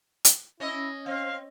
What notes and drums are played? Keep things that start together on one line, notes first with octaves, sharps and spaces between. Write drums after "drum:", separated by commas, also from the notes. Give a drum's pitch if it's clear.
drum: hi-hat
C#4 E4 D#5
C4 F5